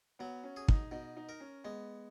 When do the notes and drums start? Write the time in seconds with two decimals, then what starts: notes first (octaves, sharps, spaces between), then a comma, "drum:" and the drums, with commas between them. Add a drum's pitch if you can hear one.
0.19 F#3 B3
0.43 C#4
0.57 G#4
0.68 D#4, drum: kick
0.91 B2 D#4
1.17 D#4
1.29 A#4
1.40 C#4
1.64 G#3 B3